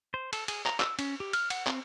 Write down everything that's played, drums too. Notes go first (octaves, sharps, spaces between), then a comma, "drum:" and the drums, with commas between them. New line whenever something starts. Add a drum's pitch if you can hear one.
C5
A4, drum: cymbal
G#4, drum: cymbal
A#5, drum: clap
E6, drum: clap
C#4, drum: cymbal
G4
F6, drum: cymbal
F#5, drum: cymbal
C4, drum: clap